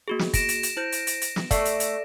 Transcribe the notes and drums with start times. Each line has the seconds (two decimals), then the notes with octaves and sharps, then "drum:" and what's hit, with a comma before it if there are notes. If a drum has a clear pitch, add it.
0.08 A#3 F#4 G#4
0.19 drum: snare
0.34 A#6 D7 E7, drum: kick, hi-hat
0.49 drum: hi-hat
0.63 drum: hi-hat
0.77 E4 C5 G6
0.92 drum: hi-hat
1.07 drum: hi-hat
1.22 drum: hi-hat
1.36 drum: snare
1.51 A3 D5 A5 C#6 C7, drum: kick, hi-hat
1.65 drum: hi-hat
1.80 drum: hi-hat